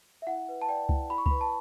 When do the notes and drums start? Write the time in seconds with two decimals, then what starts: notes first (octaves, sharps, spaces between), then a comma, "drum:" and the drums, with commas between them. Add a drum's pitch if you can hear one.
0.22 E5
0.27 E4 F#5
0.49 B4
0.62 A5
0.69 D5 G5
0.89 E4, drum: kick C#2
1.10 E4 B5
1.18 C#6
1.26 B5, drum: kick C#2
1.31 B4
1.41 A5